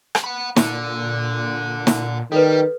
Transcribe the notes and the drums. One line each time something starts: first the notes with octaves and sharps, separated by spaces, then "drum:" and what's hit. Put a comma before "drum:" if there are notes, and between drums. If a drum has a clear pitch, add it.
drum: rim click
F#5 B5
A#2 D3, drum: snare
drum: snare
D#3 G3 A4 B4